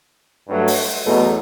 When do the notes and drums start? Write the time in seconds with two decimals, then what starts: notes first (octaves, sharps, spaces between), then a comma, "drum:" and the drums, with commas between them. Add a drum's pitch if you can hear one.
0.48 G2 F#3 A3
0.68 drum: open hi-hat
1.05 E2 B2 F#3 A3